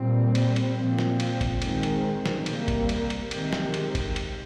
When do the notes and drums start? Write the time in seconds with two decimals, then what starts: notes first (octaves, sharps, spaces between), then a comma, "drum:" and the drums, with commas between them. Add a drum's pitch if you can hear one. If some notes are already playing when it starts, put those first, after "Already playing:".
Already playing: A#2 G3 C4
0.35 drum: cymbal
0.56 drum: cymbal
0.77 A#2 F3 C4
0.99 drum: snare
1.20 drum: cymbal
1.41 drum: kick G#1, cymbal
1.62 D#3 G#3 C4, drum: cymbal
1.83 drum: cymbal
2.26 drum: snare
2.46 C3 G3 A#3, drum: cymbal
2.68 drum: kick G#1, cymbal
2.89 drum: cymbal
3.10 drum: cymbal
3.31 C3 D#3 G#3 C4, drum: cymbal
3.53 drum: snare
3.74 drum: cymbal
3.95 drum: kick G#1, cymbal
4.16 drum: cymbal